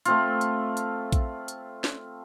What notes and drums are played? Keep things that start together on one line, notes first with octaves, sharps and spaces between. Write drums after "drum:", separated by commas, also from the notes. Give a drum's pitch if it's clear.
A3 C4 F4, drum: hi-hat
drum: hi-hat
drum: hi-hat
drum: kick A#1, hi-hat
drum: hi-hat
drum: snare